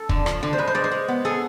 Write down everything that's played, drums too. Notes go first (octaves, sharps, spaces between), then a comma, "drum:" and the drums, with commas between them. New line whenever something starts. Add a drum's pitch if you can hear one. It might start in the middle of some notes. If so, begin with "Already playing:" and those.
Already playing: A4
D3, drum: kick
F3, drum: rim click
D3
C5
G#3 B4
C5
G#3 D5
C5
G#3
B3
G#4 A4